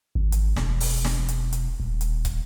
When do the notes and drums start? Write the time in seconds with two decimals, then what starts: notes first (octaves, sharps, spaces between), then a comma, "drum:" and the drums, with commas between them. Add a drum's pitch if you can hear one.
0.15 G#1
0.32 drum: hi-hat
0.56 E1, drum: snare
0.80 drum: open hi-hat
1.04 drum: snare
1.29 drum: hi-hat
1.53 drum: hi-hat
1.80 D#1
2.01 drum: hi-hat
2.25 drum: kick, hi-hat